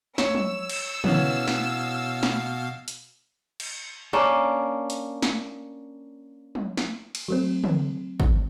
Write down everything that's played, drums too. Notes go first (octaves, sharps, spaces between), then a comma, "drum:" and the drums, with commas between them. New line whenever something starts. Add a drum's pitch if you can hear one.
C#5 E6 C#7, drum: snare
drum: tom
drum: cymbal
B2 E3 B3 C#4 F5, drum: tom
drum: snare
drum: snare
drum: hi-hat
drum: cymbal
A#3 C#4 D4
drum: hi-hat
drum: snare
drum: tom
drum: snare
drum: cymbal
F#3 A3 C4
drum: tom
drum: kick